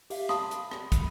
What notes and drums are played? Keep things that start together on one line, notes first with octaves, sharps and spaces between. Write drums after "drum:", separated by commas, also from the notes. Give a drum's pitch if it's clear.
G4 E5 F5, drum: open hi-hat
A5 B5 D#6, drum: rim click
drum: hi-hat
drum: rim click
drum: kick, hi-hat